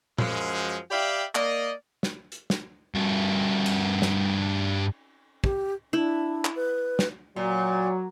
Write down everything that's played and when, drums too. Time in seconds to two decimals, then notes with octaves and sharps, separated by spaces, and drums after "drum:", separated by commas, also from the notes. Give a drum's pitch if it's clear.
0.18 F#2 F3 G#3, drum: tom
0.91 G4 D5 E5 F5 G5 B5
1.35 A#3 D5 D#5, drum: clap
2.03 drum: snare
2.32 drum: hi-hat
2.50 drum: snare
2.95 G2 F#4
3.66 drum: cymbal
4.02 drum: snare
5.44 G4, drum: kick
5.93 D4 E4
6.45 drum: clap
6.56 B4
6.99 drum: snare
7.36 A#2 F#3